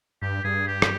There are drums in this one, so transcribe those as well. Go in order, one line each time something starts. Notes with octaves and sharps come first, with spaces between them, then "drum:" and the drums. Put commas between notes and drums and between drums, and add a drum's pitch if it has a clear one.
G2 G4
G2 G#4
G4
drum: rim click